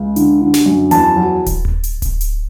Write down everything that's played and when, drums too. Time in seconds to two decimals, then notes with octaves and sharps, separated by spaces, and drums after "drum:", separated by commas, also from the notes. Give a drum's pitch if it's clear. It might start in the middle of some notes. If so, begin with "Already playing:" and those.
Already playing: C#2
0.16 D3, drum: hi-hat
0.41 D3
0.54 drum: snare
0.66 F#2
0.91 E2 A5, drum: hi-hat
1.16 F#3
1.46 drum: kick D1, hi-hat
1.65 drum: tom D2
1.84 drum: hi-hat
2.02 drum: kick D1, hi-hat
2.21 drum: hi-hat